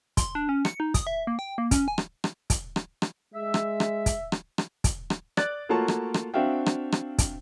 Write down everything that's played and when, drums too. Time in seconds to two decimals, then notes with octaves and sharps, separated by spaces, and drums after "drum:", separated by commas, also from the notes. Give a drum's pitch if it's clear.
0.17 C6, drum: kick, hi-hat
0.35 D4
0.49 C#4
0.65 C#7, drum: rim click
0.80 D#4
0.94 D#6, drum: kick, hi-hat
1.07 E5
1.27 A#3
1.39 G5
1.58 A#3
1.71 C#4, drum: kick, hi-hat
1.88 G#5
1.98 drum: rim click
2.24 drum: rim click
2.50 drum: kick, hi-hat
2.76 drum: rim click
3.02 drum: rim click
3.34 G#3 E5
3.54 drum: rim click
3.80 drum: rim click
4.06 drum: kick, hi-hat
4.32 drum: rim click
4.58 drum: rim click
4.84 drum: kick, hi-hat
5.10 drum: rim click
5.37 D5 F#6 A6, drum: rim click
5.69 A3 A#3 F4 F#4 C#5 A5
5.88 drum: rim click
6.14 drum: rim click
6.34 C4 D4 F#4 E5 F5 G5
6.66 drum: rim click
6.92 drum: rim click
7.18 drum: kick, hi-hat